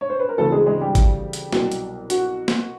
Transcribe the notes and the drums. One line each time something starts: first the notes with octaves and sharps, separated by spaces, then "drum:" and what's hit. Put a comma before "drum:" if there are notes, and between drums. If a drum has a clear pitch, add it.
C#5
C5
B4
A#4
D2 C#3 E3 G3 A3 C4 A4
G#3 G#4
G#3 G#4
G3 G4
drum: kick G#1, hi-hat
drum: hi-hat
C2 B2 F#3 B3, drum: snare
drum: hi-hat
F#4, drum: hi-hat
drum: snare